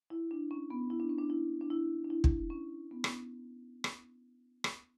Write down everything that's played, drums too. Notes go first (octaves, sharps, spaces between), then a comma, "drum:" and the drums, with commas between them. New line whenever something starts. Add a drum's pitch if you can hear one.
E4
D4
C#4
B3
E4
D4
C#4
D4
E4
D4
E4
D4
E4
drum: kick
C#4
B3
drum: rim click
drum: rim click
drum: rim click